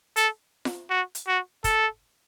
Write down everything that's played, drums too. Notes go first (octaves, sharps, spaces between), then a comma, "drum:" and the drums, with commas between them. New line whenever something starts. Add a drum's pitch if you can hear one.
A4, drum: hi-hat
drum: snare F4
F#4
drum: hi-hat
F#4
A4, drum: kick, hi-hat